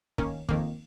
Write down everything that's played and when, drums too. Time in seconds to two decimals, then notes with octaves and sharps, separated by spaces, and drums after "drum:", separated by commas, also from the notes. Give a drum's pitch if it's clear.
0.18 D#3 A#3 C#4, drum: kick
0.49 F2 D#3 A#3, drum: kick